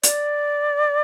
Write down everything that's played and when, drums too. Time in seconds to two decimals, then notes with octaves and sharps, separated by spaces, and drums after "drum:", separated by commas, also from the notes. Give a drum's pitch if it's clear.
0.03 D5, drum: hi-hat